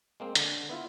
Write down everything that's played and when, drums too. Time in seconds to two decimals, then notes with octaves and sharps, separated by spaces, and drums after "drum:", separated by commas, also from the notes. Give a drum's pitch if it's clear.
0.20 G#3 A#3 C4
0.35 D3, drum: hi-hat
0.69 B3 E4 F4